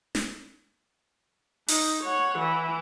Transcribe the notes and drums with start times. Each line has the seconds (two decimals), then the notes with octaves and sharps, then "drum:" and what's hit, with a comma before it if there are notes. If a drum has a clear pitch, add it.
0.15 drum: snare
1.68 D#4, drum: open hi-hat
2.03 C#5 F#5
2.39 E3